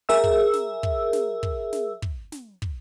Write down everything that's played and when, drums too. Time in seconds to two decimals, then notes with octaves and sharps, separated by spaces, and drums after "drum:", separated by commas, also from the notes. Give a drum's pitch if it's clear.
0.09 G#4 A#4 E5 E6
0.24 drum: kick
0.53 drum: snare
0.83 drum: kick
1.13 drum: snare
1.43 drum: kick
1.73 drum: snare
2.02 drum: kick
2.32 drum: snare
2.62 drum: kick